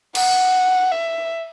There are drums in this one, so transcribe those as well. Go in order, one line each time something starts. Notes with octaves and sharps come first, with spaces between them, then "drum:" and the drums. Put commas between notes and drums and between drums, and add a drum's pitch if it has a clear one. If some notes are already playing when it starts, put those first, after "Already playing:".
F#5, drum: cymbal
E5